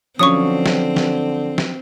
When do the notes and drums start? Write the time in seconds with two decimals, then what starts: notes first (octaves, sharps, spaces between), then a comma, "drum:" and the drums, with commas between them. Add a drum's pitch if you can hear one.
0.19 D3 F3 F#3 C4 C#4 C#6 D#6
0.66 drum: snare
0.96 drum: snare
1.58 drum: snare